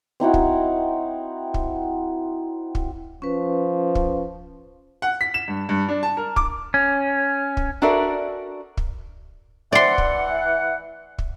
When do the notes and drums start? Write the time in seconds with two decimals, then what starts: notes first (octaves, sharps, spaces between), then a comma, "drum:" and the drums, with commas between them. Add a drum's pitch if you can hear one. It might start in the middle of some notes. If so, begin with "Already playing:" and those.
0.20 C4 D#4 E4 F#4
0.34 drum: kick
1.54 drum: kick
2.75 drum: kick
3.22 F3 C#4 B4
3.95 drum: kick
5.02 F#5
5.21 B6
5.34 E7
5.48 G2
5.69 G2
5.88 D4
6.03 A5
6.17 A#4
6.36 D6, drum: kick
6.74 C#4
7.57 drum: kick
7.82 D4 F#4 A4 A#4 D5 E5
8.77 drum: kick
9.72 E3 D5 F#5 C6
9.98 drum: kick
11.18 drum: kick